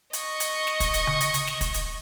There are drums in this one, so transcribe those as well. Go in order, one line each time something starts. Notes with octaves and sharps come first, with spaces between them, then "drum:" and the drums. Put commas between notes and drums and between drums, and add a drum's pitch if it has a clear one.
D#5 C#6, drum: hi-hat
drum: hi-hat
drum: snare
drum: kick, hi-hat
drum: hi-hat
drum: tom C#3
drum: hi-hat
drum: hi-hat
drum: snare
drum: kick, hi-hat
drum: hi-hat